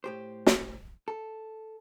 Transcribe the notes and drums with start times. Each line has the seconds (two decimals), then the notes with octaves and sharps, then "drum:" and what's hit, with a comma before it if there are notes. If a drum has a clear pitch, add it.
0.04 A2 G4 C5
0.46 drum: snare
1.08 A4